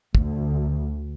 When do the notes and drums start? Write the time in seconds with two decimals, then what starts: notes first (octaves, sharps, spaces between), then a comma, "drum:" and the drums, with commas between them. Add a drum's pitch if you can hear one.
0.15 D2, drum: kick